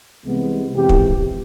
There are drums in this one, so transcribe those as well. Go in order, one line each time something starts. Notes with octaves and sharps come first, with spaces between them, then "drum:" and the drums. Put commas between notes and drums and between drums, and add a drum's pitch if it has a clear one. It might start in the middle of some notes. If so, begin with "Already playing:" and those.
C2 C3 E3 G#3 B3
F2 C3 E3 G#3 B3 G4
drum: kick